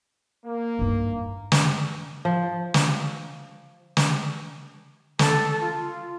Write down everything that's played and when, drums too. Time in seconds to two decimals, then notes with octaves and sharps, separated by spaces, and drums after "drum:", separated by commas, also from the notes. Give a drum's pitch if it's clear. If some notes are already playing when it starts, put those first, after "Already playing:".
0.45 A#3
0.79 G2 D#4
1.52 drum: snare
2.25 F3
2.74 drum: snare
3.97 drum: snare
5.19 A4, drum: snare
5.61 F4